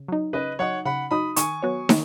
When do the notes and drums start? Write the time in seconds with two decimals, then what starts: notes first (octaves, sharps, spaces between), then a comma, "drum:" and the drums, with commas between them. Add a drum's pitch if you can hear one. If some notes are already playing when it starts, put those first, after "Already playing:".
Already playing: C#3
0.08 F#3 D#4
0.33 C#3 B4 D#5
0.59 F#3 D#4 C#5 F#5
0.85 C#3 F#5 B5
1.11 F#3 D#4 B5 D#6
1.36 D#3 G#5 C#6, drum: hi-hat
1.63 F#3 B3 F#4 C#5
1.89 D#3, drum: snare